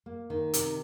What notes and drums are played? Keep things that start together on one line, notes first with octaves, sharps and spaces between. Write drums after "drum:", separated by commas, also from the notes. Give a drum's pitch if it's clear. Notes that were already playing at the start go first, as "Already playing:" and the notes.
A#3
D#3
C3, drum: hi-hat